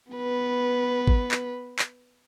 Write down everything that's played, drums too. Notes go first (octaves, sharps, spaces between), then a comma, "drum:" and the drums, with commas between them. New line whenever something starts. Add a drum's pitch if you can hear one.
B3 B4
drum: kick
drum: clap
drum: clap